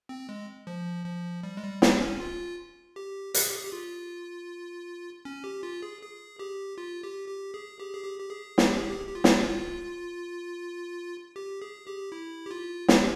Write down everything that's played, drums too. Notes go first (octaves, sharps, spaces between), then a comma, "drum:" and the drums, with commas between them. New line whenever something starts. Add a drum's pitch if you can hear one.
C4
G#3
F3
F3
G3
G#3
G3
C4, drum: snare
C#4
F4
G4
G4, drum: hi-hat
G#4
G4
G#4
G4
F4
C#4
G4
F4
G#4
G#4
G4
F4
G4
G4
G#4
G4
G#4
G4
G4
G#4
drum: snare
G4
G#4
G4
G4
F4
E4, drum: snare
F4
G4
G#4
G4
E4
G4
F4
G4, drum: snare